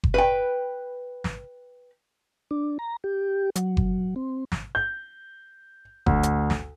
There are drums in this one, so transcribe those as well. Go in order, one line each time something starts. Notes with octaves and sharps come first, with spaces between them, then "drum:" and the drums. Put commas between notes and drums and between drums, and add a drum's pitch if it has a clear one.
drum: kick F#1
B4 G5
drum: snare
D4
A#5
G4
F#3, drum: hi-hat
drum: kick F#1
C4
drum: snare
G6
D2, drum: kick F#1
drum: hi-hat
drum: snare